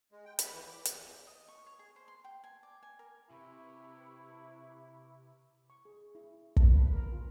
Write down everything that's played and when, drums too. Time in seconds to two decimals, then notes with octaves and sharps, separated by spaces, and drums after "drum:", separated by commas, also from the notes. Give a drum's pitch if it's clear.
0.12 G#3
0.25 G5
0.39 B5, drum: hi-hat
0.53 E3
0.69 D6
0.85 E2, drum: hi-hat
1.27 D#5
1.48 C#6
1.66 C#5
1.79 G#4
1.96 C5
2.08 C6
2.24 G5
2.44 G#5
2.63 D5
2.83 G#5
2.99 A#4
3.30 C3 E4 B4 B5 C#6
5.70 C#6
5.85 G#4
6.15 E4
6.56 A5, drum: kick
6.74 B4
6.93 A#4
7.12 F4